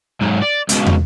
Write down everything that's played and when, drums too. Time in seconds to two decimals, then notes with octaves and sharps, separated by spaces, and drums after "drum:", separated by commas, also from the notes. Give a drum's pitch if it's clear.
0.21 G#2 F#3
0.42 D5
0.69 C#2 B2, drum: hi-hat
0.86 drum: tom